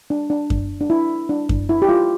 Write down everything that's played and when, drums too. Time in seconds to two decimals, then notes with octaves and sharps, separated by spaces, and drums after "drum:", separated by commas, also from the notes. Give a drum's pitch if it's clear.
0.10 D4
0.30 D4
0.50 drum: kick F#2
0.81 D4
0.90 E4
1.29 D4
1.49 drum: kick F#2
1.69 E4
1.82 G4
1.89 F4